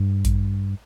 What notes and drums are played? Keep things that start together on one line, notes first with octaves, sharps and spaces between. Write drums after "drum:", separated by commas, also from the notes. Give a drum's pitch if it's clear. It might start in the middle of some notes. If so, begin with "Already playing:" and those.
Already playing: G2
drum: kick A1, hi-hat